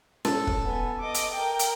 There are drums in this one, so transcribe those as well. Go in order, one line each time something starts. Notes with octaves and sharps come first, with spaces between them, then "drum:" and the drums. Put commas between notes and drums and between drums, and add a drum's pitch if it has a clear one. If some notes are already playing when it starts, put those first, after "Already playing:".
A4, drum: snare C#4
drum: kick
B3 G#5
D#5 D6
drum: hi-hat
A#4 G5
drum: hi-hat